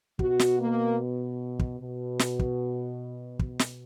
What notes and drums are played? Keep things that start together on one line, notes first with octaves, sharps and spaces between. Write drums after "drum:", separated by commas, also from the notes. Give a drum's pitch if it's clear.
B2 F#4, drum: kick
drum: snare
A#3
drum: kick
B2
drum: snare
drum: kick
B2, drum: kick
drum: snare